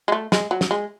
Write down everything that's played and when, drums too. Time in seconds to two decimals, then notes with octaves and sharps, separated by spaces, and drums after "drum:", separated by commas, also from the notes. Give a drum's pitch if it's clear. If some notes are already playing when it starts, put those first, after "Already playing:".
0.08 G#3
0.12 A3
0.32 G#3, drum: snare
0.51 F#3
0.61 drum: snare
0.71 G#3